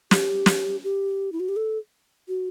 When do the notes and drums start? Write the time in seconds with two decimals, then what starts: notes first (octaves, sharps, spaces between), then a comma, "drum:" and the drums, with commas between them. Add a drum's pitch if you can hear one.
0.11 G4, drum: snare
0.46 drum: snare
0.84 G4
1.32 E4
1.40 F#4
1.49 G4
1.56 A4
2.28 F#4